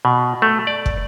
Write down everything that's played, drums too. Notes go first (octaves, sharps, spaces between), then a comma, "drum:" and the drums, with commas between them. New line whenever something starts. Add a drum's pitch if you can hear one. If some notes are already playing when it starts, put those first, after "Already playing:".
B2
A3
D5
drum: kick